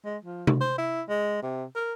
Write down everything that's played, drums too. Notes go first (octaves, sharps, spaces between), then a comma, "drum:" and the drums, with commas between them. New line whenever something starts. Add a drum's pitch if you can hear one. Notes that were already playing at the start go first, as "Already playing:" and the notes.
G#3
F3
drum: tom C3
C5
E4
G#3
C3
A#4